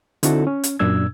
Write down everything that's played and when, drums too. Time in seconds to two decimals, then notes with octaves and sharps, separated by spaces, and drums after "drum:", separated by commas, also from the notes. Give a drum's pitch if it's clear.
0.23 D3 C4 D#4 E4 F#4 A4, drum: hi-hat
0.47 C#4
0.64 drum: hi-hat
0.79 F#2 A#2 D4 E6 G#6